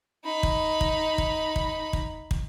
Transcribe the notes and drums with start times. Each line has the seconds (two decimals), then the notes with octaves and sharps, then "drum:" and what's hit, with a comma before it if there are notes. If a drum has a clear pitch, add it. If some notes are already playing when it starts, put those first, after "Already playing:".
0.24 D#4 B5
0.43 drum: kick
0.81 drum: kick
1.18 drum: kick
1.56 drum: kick
1.93 drum: kick
2.31 drum: kick